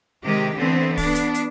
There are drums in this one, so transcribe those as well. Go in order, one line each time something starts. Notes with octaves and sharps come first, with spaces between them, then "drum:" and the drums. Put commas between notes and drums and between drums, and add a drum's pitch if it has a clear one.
C3 D#3 G#3 G4
D3 E3 A3 B3 C4
B3 D4, drum: kick D1, open hi-hat
drum: hi-hat
drum: hi-hat